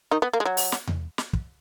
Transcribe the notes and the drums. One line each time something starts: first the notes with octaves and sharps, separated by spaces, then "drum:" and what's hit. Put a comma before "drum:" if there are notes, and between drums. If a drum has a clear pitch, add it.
D#3 D#4
B3
A#3
G#3
F#3
drum: open hi-hat
drum: snare
drum: tom E2
drum: snare
drum: kick